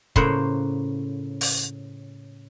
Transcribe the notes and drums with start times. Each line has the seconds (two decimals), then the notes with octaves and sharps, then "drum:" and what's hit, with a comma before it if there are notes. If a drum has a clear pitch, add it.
0.16 A2 C#3 A#3 C5 F#5, drum: kick
1.41 drum: open hi-hat